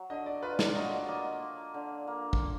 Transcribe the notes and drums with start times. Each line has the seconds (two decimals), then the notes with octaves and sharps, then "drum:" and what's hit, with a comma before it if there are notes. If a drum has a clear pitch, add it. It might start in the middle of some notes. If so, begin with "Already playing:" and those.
Already playing: F#3
0.10 D3 D#5
0.26 D5
0.43 F4 B4
0.59 D5, drum: snare
0.75 F#3 D#5
0.92 D5
1.08 A#3 D#5
1.41 F4
1.74 D3
2.07 A#3
2.33 drum: kick